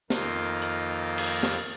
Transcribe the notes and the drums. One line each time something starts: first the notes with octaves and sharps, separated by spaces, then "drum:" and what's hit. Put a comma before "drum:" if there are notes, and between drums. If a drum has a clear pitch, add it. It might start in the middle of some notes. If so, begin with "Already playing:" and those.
F2 D#3 A#3 F4, drum: snare
drum: hi-hat
drum: cymbal
drum: snare